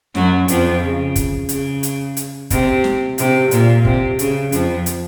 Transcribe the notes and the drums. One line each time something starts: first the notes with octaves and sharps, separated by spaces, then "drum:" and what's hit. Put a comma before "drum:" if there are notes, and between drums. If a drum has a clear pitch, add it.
F#2 F#3, drum: snare
F2 F3, drum: hi-hat
C#3
drum: kick, hi-hat
C#3, drum: hi-hat
drum: hi-hat
drum: hi-hat
C3, drum: kick, hi-hat
drum: snare
C3, drum: hi-hat
A#2, drum: hi-hat
C3, drum: kick
C#3, drum: hi-hat
F2 F3, drum: hi-hat
drum: hi-hat